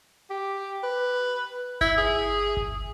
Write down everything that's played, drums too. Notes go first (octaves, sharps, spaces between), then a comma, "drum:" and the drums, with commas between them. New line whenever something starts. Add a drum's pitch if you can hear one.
G4
B4
E4, drum: kick G1
G#4
drum: kick G1